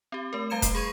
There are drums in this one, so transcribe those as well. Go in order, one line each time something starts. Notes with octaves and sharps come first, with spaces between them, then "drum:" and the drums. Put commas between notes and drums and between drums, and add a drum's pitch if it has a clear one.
C4 G4
A3 A#4
G3 F5 A#5 G#6 C#7 E7
C7, drum: kick E1, hi-hat
G#4 B5 C#6 G#6 D#7